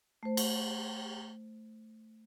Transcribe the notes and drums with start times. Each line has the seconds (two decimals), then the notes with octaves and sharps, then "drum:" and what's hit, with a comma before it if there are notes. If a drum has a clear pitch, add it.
0.23 A3 C5
0.37 drum: cymbal